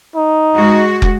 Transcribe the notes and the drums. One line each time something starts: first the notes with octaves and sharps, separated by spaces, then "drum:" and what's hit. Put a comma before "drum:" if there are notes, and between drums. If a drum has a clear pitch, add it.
D#4
G#3 F#4
drum: kick